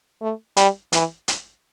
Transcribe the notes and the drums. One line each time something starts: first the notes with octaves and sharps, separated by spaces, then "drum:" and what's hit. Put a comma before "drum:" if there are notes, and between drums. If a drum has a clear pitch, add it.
A3
G3, drum: hi-hat
E3, drum: hi-hat
drum: hi-hat